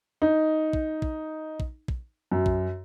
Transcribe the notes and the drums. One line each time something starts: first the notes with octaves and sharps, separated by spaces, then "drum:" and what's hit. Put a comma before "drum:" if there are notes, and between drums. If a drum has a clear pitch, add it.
D#4
drum: kick
drum: kick
drum: kick
drum: kick
F#2
drum: kick